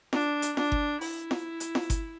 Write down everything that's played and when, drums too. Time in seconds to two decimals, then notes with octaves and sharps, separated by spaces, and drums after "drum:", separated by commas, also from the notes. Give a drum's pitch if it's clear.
0.13 D4, drum: snare F4
0.42 drum: hi-hat
0.57 D4, drum: snare F4
0.72 drum: kick G1
1.01 E4, drum: open hi-hat
1.31 drum: snare F4
1.60 drum: hi-hat
1.75 drum: snare F4
1.90 drum: kick G1, hi-hat